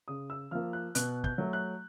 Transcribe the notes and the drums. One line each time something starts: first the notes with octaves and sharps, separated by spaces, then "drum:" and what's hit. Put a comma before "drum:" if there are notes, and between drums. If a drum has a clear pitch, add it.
C#3 D#6
E6
F3 A#3 F6
F#6
B2 F#6, drum: hi-hat
G6, drum: kick
F#3 A3
F#6